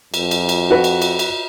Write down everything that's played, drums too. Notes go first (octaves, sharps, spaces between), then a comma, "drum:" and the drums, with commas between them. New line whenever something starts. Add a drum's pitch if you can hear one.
F2, drum: cymbal
drum: cymbal
drum: cymbal
F#4 B4
drum: cymbal
drum: cymbal
drum: cymbal